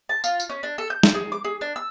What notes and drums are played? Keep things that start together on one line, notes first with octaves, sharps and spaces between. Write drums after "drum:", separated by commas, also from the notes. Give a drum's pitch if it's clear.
A5
F4, drum: tambourine
drum: tambourine
C#4
D4
A4
G6
drum: snare
G#4
D6
G#4
D4
E6